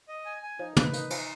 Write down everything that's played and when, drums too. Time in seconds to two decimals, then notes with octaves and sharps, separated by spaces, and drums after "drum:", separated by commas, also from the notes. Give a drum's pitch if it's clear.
0.08 D#5
0.26 G#5
0.43 G#5
0.59 F3 D#4
0.77 F3 B4, drum: tom
0.93 A#3 D#4, drum: hi-hat
1.10 F3 D#4, drum: cymbal